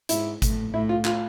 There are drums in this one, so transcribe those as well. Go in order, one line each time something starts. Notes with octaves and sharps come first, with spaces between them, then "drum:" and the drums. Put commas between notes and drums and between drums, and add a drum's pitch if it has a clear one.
G#2 E4, drum: hi-hat
A2, drum: kick G#1, hi-hat
A2 E4
F4
F4, drum: clap